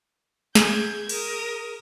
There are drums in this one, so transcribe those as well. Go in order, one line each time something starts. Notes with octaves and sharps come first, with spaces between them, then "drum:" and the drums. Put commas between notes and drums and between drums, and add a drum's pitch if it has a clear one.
G#4 G6 G#6, drum: snare
A#4 D#6, drum: cymbal